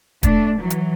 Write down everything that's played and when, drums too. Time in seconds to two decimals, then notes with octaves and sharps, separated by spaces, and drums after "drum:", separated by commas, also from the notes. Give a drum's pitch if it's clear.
0.23 A3 D4, drum: kick, hi-hat
0.59 E3 F#3
0.70 drum: hi-hat